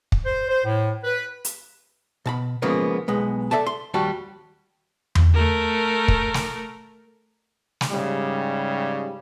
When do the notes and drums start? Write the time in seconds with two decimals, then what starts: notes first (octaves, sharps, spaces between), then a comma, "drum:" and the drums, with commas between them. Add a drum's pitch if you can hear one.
0.12 drum: kick
0.25 C5
0.49 C5
0.65 A2
1.04 B4
1.45 drum: hi-hat
2.26 B2 A5 B5
2.62 C#3 F3 G#3 A#3 B3
3.08 B1 G#3 B3
3.51 A4 D5 E5 A5
3.66 C6
3.94 D#2 G3 F#4 A5
5.15 drum: tom E2
5.34 A3 A#4
6.08 drum: kick
6.34 drum: snare
7.81 drum: snare
7.91 G#2 C#3 G3